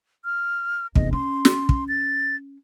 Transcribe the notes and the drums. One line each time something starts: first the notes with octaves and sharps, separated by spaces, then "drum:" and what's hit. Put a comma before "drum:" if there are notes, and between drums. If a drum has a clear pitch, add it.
F6
F1 E2 D#5, drum: kick
C#4 C6
drum: snare
drum: kick
A6